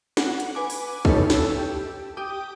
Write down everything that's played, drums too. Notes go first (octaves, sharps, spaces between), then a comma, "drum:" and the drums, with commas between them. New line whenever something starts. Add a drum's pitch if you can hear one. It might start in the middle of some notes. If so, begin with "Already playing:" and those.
F#5, drum: snare
drum: hi-hat
B4 G#5 D6
drum: open hi-hat
D#4 E4 G4 A4 B4 C#5, drum: kick
A5 E6, drum: snare
G4
G4 G5 D6 D#6